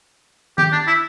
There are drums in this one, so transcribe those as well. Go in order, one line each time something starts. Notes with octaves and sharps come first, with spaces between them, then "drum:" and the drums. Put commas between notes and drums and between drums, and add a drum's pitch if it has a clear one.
G4, drum: tom D#3
D4
E4